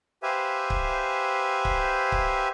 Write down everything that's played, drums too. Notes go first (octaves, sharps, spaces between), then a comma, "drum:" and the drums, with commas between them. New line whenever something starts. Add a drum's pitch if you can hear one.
G4 B4 C5 E5 F5 G#5
drum: kick C#1
drum: kick C#1
drum: kick C#1